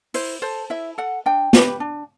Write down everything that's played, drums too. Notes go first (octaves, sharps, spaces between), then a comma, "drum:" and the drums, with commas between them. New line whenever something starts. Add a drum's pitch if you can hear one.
E4 C5, drum: open hi-hat
A4 C5
E4 E5
A4 F#5
D4 G5
G4 B4, drum: snare
D4